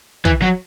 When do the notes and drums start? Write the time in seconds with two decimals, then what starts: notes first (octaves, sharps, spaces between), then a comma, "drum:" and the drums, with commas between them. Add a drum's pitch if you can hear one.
0.25 E3, drum: kick
0.42 F#3